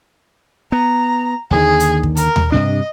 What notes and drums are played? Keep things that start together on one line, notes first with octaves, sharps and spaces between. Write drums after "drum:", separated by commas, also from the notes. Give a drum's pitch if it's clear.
B3 A#5
D#2 D3 D#3 G#4
drum: hi-hat
drum: kick
A#4, drum: hi-hat
drum: tom D#2
G2 C3 D4 D#5